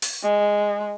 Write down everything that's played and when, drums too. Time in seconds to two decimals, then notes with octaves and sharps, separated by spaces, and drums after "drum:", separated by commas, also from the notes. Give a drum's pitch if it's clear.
0.02 drum: open hi-hat
0.23 G#3